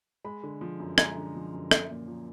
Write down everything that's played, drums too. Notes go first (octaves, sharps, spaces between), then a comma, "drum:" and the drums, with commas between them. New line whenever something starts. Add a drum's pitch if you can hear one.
G#3 B5
D3
F3
F#2
G#3 A#5, drum: rim click
D3
F3
F#2
A#3, drum: rim click
A#2
F3